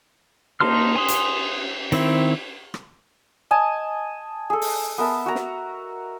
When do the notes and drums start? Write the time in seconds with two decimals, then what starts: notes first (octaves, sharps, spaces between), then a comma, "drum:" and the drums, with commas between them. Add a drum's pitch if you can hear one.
0.60 A#3 D#4 A5 C6 F6, drum: cymbal
0.96 G#5 C6 D#6
1.08 drum: hi-hat
1.92 D#3 C4 E4, drum: cymbal
2.74 drum: rim click
3.51 D#5 G#5 A5
4.50 G#4 A4
4.62 drum: open hi-hat
4.98 B3 A#4 E5 A5
5.26 F#4 A#4 A#5
5.35 drum: snare